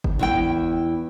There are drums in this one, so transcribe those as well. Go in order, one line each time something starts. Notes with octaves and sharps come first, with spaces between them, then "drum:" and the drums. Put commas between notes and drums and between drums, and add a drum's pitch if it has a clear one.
drum: kick G1
E2 E4 G5